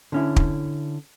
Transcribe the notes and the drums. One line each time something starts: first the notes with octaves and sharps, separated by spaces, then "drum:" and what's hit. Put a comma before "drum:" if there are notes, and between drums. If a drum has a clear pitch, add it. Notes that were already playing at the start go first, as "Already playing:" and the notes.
D3 C#4 E4
drum: kick